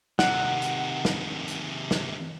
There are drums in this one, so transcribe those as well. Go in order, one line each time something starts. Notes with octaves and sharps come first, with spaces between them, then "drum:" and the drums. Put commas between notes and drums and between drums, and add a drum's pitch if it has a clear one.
C3 D#3 F#5, drum: snare
drum: hi-hat
drum: snare
drum: hi-hat
drum: snare